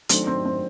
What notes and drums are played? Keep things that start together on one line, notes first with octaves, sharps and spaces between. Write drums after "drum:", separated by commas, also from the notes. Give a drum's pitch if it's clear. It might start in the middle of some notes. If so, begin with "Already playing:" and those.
D#3 F#3 A3 C4 D4 A4, drum: hi-hat
C4
C4